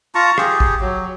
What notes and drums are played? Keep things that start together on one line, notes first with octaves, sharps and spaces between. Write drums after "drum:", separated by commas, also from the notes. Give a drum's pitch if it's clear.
F4 A5 A#5 C#6
G4 G#4, drum: rim click
drum: kick
F#3